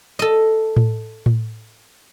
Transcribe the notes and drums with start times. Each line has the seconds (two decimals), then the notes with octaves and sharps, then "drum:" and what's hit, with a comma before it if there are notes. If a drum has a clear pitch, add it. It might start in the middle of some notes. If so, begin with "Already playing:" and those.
0.19 A4 D#5
0.77 drum: tom A2
1.26 drum: tom A2